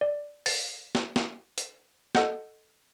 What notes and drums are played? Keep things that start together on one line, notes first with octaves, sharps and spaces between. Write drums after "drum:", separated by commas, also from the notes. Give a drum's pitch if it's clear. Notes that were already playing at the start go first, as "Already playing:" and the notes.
D5
A6, drum: open hi-hat
drum: snare
drum: snare
drum: hi-hat
A4 D#5 F#5 G6, drum: snare